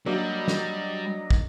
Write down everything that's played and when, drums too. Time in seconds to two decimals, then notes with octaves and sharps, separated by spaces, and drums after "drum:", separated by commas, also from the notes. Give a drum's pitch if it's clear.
0.06 F#3 G3 A#3 D4 D#5
0.48 drum: snare
1.31 drum: kick